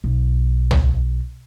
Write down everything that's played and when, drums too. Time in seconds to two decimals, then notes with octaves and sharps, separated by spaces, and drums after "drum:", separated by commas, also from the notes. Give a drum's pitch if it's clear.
0.04 B1
0.71 drum: tom C#2